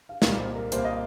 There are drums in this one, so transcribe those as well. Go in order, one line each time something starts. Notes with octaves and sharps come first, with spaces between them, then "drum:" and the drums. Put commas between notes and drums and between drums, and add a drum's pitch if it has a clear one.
F5
C2 A#2 A#3 D#5, drum: snare
C5
A#4
C2 A#2 A#3 C5, drum: hi-hat
D#5